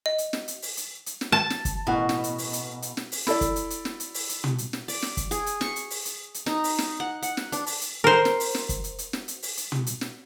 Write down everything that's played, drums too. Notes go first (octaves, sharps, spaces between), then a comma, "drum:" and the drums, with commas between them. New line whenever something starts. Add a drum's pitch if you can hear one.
D#5
drum: hi-hat
drum: snare
drum: hi-hat
drum: open hi-hat
drum: hi-hat
drum: hi-hat
drum: snare
A5
drum: snare
drum: kick, hi-hat
A1 B2 F#5
drum: snare
drum: hi-hat
drum: open hi-hat
drum: hi-hat
drum: hi-hat
drum: snare
drum: open hi-hat
E4 A4 D5, drum: snare
drum: kick, hi-hat
drum: hi-hat
drum: hi-hat
drum: snare
drum: hi-hat
drum: open hi-hat
drum: hi-hat
drum: tom
drum: hi-hat
drum: snare
D5, drum: open hi-hat
drum: snare
drum: kick, hi-hat
G#4, drum: hi-hat
drum: hi-hat
C#6, drum: snare
drum: hi-hat
drum: open hi-hat
drum: hi-hat
drum: hi-hat
D#4, drum: snare
drum: open hi-hat
drum: snare
F#5
F#5, drum: hi-hat
drum: snare
D4, drum: hi-hat
drum: open hi-hat
drum: hi-hat
A#4 C5
drum: snare
drum: open hi-hat
drum: snare
drum: kick, hi-hat
drum: hi-hat
drum: hi-hat
drum: snare
drum: hi-hat
drum: open hi-hat
drum: hi-hat
drum: tom
drum: hi-hat
drum: snare